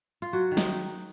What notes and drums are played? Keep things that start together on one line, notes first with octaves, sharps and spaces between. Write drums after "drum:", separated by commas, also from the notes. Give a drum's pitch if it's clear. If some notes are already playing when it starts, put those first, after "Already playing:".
F4
F#3 F#4
D#3
D#4, drum: snare